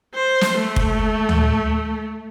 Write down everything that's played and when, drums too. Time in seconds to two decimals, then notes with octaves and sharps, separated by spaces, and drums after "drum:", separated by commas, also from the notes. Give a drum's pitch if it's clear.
0.15 C5
0.41 drum: snare
0.59 A3
0.76 drum: kick
1.29 drum: tom D2